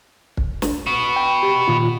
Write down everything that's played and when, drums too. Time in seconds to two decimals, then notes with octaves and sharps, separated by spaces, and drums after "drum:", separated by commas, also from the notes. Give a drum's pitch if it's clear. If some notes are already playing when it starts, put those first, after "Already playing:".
0.37 drum: kick
0.62 drum: snare
0.87 B3 F#4
1.16 G5
1.43 G4
1.68 A#2 D#3 F4